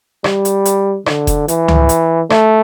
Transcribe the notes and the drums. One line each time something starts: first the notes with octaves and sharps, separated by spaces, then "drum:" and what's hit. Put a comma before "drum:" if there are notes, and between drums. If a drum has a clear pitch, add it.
G3, drum: rim click
drum: hi-hat
drum: hi-hat
D3, drum: rim click
drum: kick F1, hi-hat
E3, drum: hi-hat
drum: tom C#2
drum: hi-hat
A3, drum: rim click